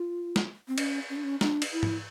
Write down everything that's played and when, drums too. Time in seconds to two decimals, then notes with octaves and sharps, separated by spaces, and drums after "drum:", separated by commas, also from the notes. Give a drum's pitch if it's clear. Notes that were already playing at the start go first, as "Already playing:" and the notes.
Already playing: F4
0.36 drum: snare
0.68 C4
0.78 C#4, drum: cymbal
1.10 C#4
1.16 D4
1.24 C#4
1.41 D4, drum: snare
1.62 drum: cymbal
1.72 E4
1.83 drum: tom G#2